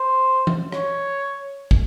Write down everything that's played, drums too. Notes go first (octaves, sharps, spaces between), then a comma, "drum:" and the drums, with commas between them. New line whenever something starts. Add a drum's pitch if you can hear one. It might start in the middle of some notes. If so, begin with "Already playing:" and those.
Already playing: C5
drum: tom E3
C#5, drum: rim click
drum: kick